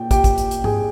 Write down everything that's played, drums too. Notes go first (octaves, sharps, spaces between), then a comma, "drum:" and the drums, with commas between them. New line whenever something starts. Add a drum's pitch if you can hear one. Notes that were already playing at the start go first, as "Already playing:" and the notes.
Already playing: A#2 G5
G4 G5, drum: kick, hi-hat
drum: kick, hi-hat
drum: hi-hat
drum: hi-hat
G#4 G#5, drum: tom G#2